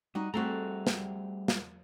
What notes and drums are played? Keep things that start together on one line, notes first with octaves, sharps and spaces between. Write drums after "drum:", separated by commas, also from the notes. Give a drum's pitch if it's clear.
G3 D#4 F#4
G3 A3 C4 F#4 G#4 A#5
drum: snare
drum: snare